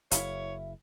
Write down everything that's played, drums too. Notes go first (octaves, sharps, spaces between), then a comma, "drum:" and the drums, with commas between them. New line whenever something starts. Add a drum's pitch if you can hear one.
F#1 E4 C#5 E5 F5, drum: hi-hat